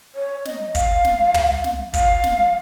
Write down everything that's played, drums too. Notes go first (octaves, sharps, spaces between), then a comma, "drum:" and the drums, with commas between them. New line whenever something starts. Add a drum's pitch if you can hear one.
C#5
D#5, drum: snare
F5, drum: kick, hi-hat
drum: snare
drum: tom
drum: snare
F5, drum: kick, hi-hat
drum: snare